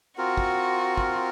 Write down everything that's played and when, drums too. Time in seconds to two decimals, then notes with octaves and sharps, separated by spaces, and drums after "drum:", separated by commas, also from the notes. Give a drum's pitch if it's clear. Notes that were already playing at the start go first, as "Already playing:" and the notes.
0.17 C4 F4 F#4 A#4
0.37 drum: kick
0.98 drum: kick